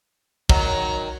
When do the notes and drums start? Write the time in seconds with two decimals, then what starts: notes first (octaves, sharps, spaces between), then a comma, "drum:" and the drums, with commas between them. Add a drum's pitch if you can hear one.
0.49 D#3 F#3 C#5 A#5, drum: kick